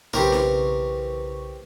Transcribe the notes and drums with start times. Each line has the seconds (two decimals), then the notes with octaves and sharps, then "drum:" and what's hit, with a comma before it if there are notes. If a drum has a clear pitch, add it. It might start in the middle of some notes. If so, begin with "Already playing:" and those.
0.13 B1 C#3 E3 C4 G4 A#4 C#6, drum: snare
0.32 drum: snare